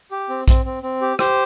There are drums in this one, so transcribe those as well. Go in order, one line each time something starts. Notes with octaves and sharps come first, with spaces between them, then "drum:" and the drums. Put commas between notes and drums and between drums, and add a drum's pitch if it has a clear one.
G4
C4
C4, drum: kick A#1, hi-hat
C4
C4
G4
G4 C5, drum: rim click